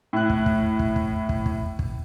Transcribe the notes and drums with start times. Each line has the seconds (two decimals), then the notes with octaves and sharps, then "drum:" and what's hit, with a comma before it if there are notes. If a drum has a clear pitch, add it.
0.13 A2 F#6
0.30 drum: kick
0.46 drum: kick
0.79 drum: kick
0.96 drum: kick
1.29 drum: kick
1.46 drum: kick
1.79 drum: kick